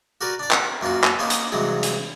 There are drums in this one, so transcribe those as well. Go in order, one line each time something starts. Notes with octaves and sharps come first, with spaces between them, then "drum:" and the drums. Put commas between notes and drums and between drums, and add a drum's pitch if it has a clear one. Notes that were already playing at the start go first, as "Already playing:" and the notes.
F#4 G4 A#4 B4 D5
D4 D5
B5, drum: clap
F#2 A#3 C#4 F4 F#4
drum: clap
A#3 B3 C#4 D#4 G4 C#6
drum: hi-hat
G2 C3 E3 F#3 G#3
drum: hi-hat